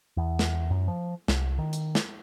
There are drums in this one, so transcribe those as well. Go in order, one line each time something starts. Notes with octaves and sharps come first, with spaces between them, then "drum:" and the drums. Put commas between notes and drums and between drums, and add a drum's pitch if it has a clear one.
E2
drum: snare
F#2
F3
C2, drum: snare
D#3
drum: hi-hat
drum: snare